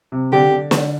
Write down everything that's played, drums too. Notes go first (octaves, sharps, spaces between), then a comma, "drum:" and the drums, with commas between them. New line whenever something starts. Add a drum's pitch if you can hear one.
C3
D3 G4
D3
D3, drum: snare